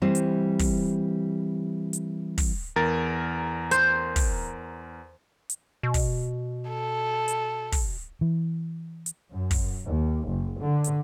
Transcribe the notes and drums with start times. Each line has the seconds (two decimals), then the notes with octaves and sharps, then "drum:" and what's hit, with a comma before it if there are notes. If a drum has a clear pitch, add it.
0.02 E3 G3 C4 C5
0.15 drum: hi-hat
0.59 drum: kick, open hi-hat
1.93 drum: hi-hat
2.38 drum: kick, open hi-hat
2.76 E2 A#4 A6
3.71 C5, drum: hi-hat
4.16 drum: kick, open hi-hat
5.50 drum: hi-hat
5.83 B2
5.94 drum: kick, open hi-hat
6.69 A4
7.28 drum: hi-hat
7.72 drum: kick, open hi-hat
8.21 E3
9.06 drum: hi-hat
9.30 F#2
9.51 drum: kick, open hi-hat
9.86 D#2
10.27 F#1
10.59 D3
10.84 drum: hi-hat